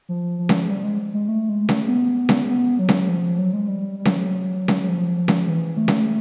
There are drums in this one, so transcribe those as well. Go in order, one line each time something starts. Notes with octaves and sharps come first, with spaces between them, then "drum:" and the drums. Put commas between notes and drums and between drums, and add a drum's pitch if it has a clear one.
F3
F3
drum: snare C#4
G3
G#3
G#3
A3
G#3
A3, drum: snare C#4
B3
drum: snare C#4
B3
F#3
drum: snare C#4
F3
F3
F#3
G#3
G3
G3
F#3, drum: snare C#4
F3
F#3
drum: snare C#4
F#3
F3
drum: snare C#4
E3
A3
drum: snare C#4